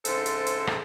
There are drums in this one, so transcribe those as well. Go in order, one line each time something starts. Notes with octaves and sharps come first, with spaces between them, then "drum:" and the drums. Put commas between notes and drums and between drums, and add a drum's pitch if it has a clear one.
G#2 C#3 E3 C4 A4 C5, drum: hi-hat
drum: hi-hat
drum: hi-hat
drum: rim click